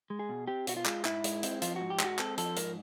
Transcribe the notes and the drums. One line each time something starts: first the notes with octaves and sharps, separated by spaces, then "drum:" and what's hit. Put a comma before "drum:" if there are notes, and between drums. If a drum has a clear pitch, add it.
G#3
G#4
B2
C4 G4
B2 F#4, drum: hi-hat
F4
G#3, drum: clap
G#2 E4, drum: clap
G#3, drum: hi-hat
C4, drum: hi-hat
F3 F4, drum: hi-hat
G#2 F#4
G4
G#3 F#4, drum: clap
C4 A4, drum: clap
F3 A4, drum: hi-hat
G#2 A#4, drum: hi-hat